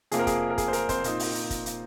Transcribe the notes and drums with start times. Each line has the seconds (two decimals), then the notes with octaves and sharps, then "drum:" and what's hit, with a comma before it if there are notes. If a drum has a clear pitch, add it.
0.12 F2 C3 F3 A#3 G#4, drum: hi-hat
0.19 A#4
0.27 G#4, drum: kick, hi-hat
0.50 A#4
0.58 G#4, drum: kick, hi-hat
0.68 C5
0.73 A#4, drum: hi-hat
0.89 C4 C5, drum: kick, hi-hat
1.04 A#2 A#3 D#4, drum: hi-hat
1.20 drum: open hi-hat
1.35 drum: hi-hat
1.50 drum: kick, hi-hat
1.66 drum: hi-hat